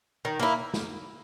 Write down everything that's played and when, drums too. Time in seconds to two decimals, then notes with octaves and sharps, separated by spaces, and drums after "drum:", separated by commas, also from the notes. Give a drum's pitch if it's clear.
0.25 D#3
0.40 A#3 E4
0.74 drum: snare